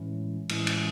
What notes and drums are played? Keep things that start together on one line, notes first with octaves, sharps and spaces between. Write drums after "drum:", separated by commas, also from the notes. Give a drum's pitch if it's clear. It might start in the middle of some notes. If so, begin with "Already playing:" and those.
Already playing: A2 E3 G#3 C#4 E4
A2 E3 G#3 C#4 E4, drum: cymbal
drum: cymbal